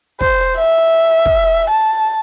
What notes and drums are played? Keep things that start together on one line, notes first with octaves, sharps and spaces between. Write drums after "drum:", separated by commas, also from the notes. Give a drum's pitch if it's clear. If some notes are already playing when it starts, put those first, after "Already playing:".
C5, drum: kick
E5
drum: kick
A5